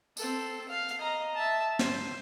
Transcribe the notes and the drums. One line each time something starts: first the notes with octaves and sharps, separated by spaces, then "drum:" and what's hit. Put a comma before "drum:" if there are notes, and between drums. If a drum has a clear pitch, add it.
C4 A4, drum: tambourine
F5
drum: hi-hat
D#5 A#5
E5 A5
C5, drum: snare